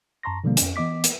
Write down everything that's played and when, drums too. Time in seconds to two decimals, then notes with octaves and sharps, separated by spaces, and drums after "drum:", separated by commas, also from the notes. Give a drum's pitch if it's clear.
0.23 F#2 A5 A#5 C6 C#6 A#6
0.44 B2 D3 D#3 F3 G3 A#3
0.57 F2 C#4, drum: hi-hat
0.76 E3 B3 D#5 D6 B6
1.04 drum: hi-hat